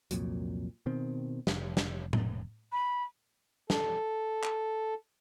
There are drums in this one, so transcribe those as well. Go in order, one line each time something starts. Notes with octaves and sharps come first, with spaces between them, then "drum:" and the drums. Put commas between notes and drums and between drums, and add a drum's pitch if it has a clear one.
C2 F2 A#2 F#3, drum: hi-hat
B2 D#3 C4
F1, drum: snare
drum: snare
drum: tom A2
B5
A4, drum: snare
drum: clap